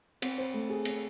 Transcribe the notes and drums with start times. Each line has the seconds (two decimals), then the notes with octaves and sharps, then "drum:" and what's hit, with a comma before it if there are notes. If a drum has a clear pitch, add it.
0.22 C4, drum: cymbal
0.38 C5
0.54 A3
0.70 G#4
0.85 C4, drum: cymbal